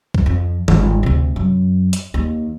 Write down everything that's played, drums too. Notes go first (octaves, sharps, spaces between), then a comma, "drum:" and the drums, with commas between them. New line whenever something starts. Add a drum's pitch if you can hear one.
drum: kick
F2
G1 G#2, drum: tom D#3
D2 C3
F#2
drum: hi-hat
D#2